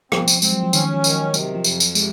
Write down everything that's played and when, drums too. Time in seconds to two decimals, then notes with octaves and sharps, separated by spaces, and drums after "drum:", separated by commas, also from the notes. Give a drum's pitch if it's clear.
0.12 F3 C4, drum: rim click
0.28 drum: tambourine
0.42 G#3 C4, drum: tambourine
0.52 F#3
0.63 F3
0.73 D#3 C#4, drum: tambourine
0.94 F3
1.04 D#3, drum: tambourine
1.14 F#3
1.34 C3 F#3, drum: tambourine
1.55 F3
1.64 F2, drum: tambourine
1.80 drum: tambourine
1.95 C3 G#3, drum: tambourine